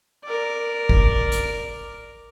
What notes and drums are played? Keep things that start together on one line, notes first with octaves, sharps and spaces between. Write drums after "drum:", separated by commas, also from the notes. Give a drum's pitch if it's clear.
A#4 D5
drum: kick
drum: hi-hat